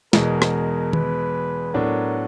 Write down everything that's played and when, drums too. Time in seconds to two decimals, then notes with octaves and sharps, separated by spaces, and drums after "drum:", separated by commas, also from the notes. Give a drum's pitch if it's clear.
0.13 E2 B2 G#3 A#4, drum: snare
0.42 drum: rim click
0.93 B4, drum: tom D#3
1.74 A2 F#3 B3 D4 A#4